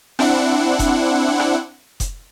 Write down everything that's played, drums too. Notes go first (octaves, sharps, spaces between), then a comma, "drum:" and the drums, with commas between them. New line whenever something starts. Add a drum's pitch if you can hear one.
C4 D4 E4 F#5, drum: rim click
drum: kick F1, hi-hat
drum: rim click
drum: kick F1, hi-hat